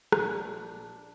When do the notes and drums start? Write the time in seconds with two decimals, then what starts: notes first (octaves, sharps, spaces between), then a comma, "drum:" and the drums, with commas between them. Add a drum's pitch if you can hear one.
0.12 A#1 D4, drum: rim click